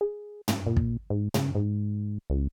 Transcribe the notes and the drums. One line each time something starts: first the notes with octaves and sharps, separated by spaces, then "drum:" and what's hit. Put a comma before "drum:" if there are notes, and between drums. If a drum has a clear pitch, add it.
G#4
drum: tom
A#2
drum: kick
G#2
C#3, drum: tom
G#2
C#2